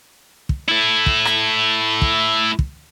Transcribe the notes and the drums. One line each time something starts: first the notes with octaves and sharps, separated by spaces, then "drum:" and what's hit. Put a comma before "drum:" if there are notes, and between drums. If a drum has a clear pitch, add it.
drum: kick
A3 E4
drum: kick
drum: rim click
drum: kick
drum: kick